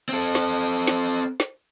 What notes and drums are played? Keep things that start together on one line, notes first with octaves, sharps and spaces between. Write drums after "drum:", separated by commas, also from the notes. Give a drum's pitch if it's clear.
C4 A4
drum: snare
drum: snare
drum: snare